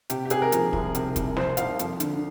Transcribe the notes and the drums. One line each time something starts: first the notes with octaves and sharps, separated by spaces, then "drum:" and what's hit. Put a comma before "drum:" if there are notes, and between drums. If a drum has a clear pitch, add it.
C3 G4, drum: hi-hat
G4
C3 G#4, drum: hi-hat
A#4
F3, drum: hi-hat
C2, drum: kick
C3, drum: hi-hat
C2, drum: kick, hi-hat
C2 C5, drum: snare
C2 F5, drum: hi-hat
F2, drum: hi-hat
D3, drum: hi-hat